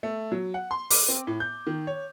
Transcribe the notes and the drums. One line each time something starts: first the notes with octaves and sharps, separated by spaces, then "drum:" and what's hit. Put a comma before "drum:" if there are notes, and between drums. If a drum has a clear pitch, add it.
A3
F#3
F#5
C6
D6, drum: open hi-hat
C4
A2
G6
D#3
C#5